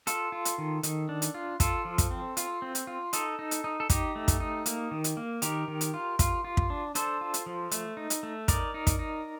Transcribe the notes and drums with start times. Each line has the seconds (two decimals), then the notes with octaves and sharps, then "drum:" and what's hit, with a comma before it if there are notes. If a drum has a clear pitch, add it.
0.07 F4 A4, drum: hi-hat
0.32 F4
0.45 drum: hi-hat
0.58 D#3
0.83 D#3, drum: hi-hat
1.09 D4
1.22 drum: hi-hat
1.34 F4
1.60 F4 A4, drum: kick, hi-hat
1.85 F3
1.98 drum: kick, hi-hat
2.11 C4
2.37 F4, drum: hi-hat
2.62 C4
2.75 drum: hi-hat
2.87 F4
3.13 D#4 A4, drum: hi-hat
3.39 D#4
3.51 drum: hi-hat
3.64 D#4
3.80 A4
3.90 D#4 G4, drum: kick, hi-hat
4.16 A3
4.28 drum: kick, hi-hat
4.40 D#4
4.66 A#3, drum: hi-hat
4.91 D#3
5.04 drum: hi-hat
5.17 A#3
5.42 D#3 G4 A#4, drum: hi-hat
5.68 D#3
5.81 drum: hi-hat
5.94 F4
6.19 F4, drum: kick, hi-hat
6.45 F4
6.57 drum: kick
6.70 D4
6.95 D4 A4 C5, drum: hi-hat
7.21 F4
7.34 drum: hi-hat
7.46 F3
7.71 A3, drum: hi-hat
7.97 D#4
8.10 drum: hi-hat
8.23 A3
8.48 D#4 A#4 D5, drum: kick, hi-hat
8.74 D#4
8.87 drum: kick, hi-hat
8.99 D#4